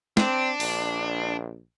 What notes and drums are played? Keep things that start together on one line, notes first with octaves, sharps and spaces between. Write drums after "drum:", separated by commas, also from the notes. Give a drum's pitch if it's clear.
C4 D4, drum: snare
A#1, drum: open hi-hat